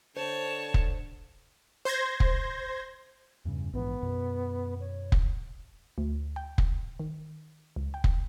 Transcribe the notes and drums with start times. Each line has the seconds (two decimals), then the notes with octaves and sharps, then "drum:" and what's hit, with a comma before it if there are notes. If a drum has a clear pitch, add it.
0.17 D3 C5 C#5 A5
0.74 drum: kick
1.85 C5 C6 G6 G#6 A#6
2.20 drum: kick
3.45 E2 G2 C#3
3.73 A#1 G#2 E3 B3
4.03 F#2 B2
4.80 C#5
5.12 drum: kick
5.98 D2
6.36 G5
6.58 drum: kick
7.00 D#3
7.76 C#2
7.94 G5
8.04 drum: kick